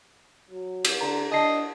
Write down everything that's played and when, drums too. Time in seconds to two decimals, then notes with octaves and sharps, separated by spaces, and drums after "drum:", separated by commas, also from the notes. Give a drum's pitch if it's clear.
0.50 F#3
0.85 drum: cymbal
1.01 D3 A#5
1.32 D4 D#5 A5 C7